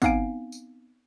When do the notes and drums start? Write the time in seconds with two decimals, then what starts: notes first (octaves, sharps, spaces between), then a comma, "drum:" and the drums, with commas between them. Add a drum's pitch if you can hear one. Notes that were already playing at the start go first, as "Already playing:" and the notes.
0.02 B3 C4 D#4 F5 G#5 D7, drum: kick, tambourine
0.52 drum: tambourine